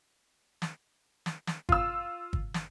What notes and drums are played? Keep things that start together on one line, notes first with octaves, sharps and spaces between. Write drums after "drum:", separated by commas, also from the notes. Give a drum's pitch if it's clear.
drum: snare
drum: snare
drum: snare
F4 E6, drum: kick
drum: kick
drum: snare